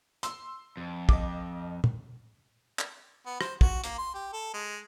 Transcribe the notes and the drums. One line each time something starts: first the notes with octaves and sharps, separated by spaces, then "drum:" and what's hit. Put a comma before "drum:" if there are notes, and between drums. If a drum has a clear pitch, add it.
C6 E6, drum: hi-hat
F2
D#5 D6, drum: kick
drum: tom
drum: clap
B3
C5, drum: rim click
F#4, drum: kick
A#3, drum: hi-hat
C6
G4
A4
G#3